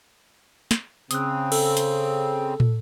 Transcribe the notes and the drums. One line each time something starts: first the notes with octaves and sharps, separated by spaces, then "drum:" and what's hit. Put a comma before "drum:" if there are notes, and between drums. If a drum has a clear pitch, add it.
drum: snare
C#3 C4 D#6 F#6, drum: hi-hat
A4, drum: cymbal
drum: hi-hat
drum: tom